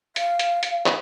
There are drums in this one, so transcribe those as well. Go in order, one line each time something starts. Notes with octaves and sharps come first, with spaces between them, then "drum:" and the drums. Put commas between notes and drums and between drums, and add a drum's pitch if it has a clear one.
F5, drum: hi-hat
drum: hi-hat
drum: hi-hat
drum: clap